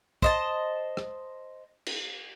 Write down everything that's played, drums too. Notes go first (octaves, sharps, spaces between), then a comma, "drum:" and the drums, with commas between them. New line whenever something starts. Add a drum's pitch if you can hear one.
C5 D#5 A5, drum: kick
drum: rim click
drum: cymbal